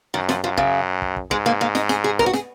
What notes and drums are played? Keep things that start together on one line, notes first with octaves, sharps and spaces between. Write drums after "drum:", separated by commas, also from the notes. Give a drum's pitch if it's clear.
F#2 D#3
F3, drum: snare
F#2 F3
C#3, drum: kick
drum: kick
drum: kick
G#2 G#3, drum: kick
A#3
A#3
D#4, drum: snare
G#4, drum: snare
G#4
A#4, drum: kick
F#4
G#4, drum: snare